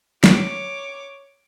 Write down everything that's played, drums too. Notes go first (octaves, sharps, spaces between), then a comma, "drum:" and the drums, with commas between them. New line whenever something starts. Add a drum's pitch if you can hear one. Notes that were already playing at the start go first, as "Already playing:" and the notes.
C#5 D6, drum: snare